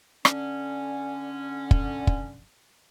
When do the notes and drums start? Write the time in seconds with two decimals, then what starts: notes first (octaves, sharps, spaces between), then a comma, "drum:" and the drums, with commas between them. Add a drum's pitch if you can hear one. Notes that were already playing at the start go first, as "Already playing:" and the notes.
0.25 D3 C#4, drum: rim click
1.71 drum: kick
2.07 drum: kick